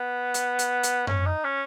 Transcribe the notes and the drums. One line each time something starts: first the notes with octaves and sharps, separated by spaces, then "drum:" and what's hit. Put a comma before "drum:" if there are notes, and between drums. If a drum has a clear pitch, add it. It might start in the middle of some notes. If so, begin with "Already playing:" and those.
Already playing: B3
drum: hi-hat
drum: hi-hat
drum: hi-hat
C#4, drum: tom F#2
D#4
C#4